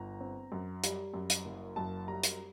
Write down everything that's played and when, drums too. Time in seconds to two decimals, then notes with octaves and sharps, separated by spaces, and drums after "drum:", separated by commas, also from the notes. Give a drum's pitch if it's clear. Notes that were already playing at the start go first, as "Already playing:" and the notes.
Already playing: G1 A#5
0.21 C4
0.52 F#2
0.84 G3, drum: hi-hat
1.14 F#2
1.30 drum: hi-hat
1.45 F#1
1.76 F#2 A5
2.08 G3 A#5
2.23 drum: hi-hat